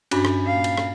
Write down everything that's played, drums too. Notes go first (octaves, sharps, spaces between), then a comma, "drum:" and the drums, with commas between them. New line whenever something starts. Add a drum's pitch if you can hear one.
G2 C#4 D4 F#4 B5, drum: cymbal
drum: rim click
A#2 F5
drum: cymbal
drum: rim click